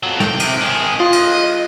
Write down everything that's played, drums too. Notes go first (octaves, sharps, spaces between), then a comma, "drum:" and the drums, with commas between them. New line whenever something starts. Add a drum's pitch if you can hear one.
F2 F#3
C3 G5, drum: snare
drum: cymbal
D#3 G#4
F4 D#5
drum: cymbal